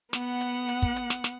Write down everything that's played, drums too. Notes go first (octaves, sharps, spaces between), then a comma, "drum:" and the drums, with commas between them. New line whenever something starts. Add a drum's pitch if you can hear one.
B3 F#5, drum: snare
drum: hi-hat
drum: hi-hat
drum: kick
drum: hi-hat
drum: snare
drum: snare